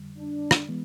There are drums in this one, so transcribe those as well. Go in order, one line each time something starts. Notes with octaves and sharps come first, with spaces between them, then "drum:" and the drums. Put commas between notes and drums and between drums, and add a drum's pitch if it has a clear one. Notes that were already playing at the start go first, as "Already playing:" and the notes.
Already playing: F2 D3 G3
D4
drum: rim click
E3 G#3 B3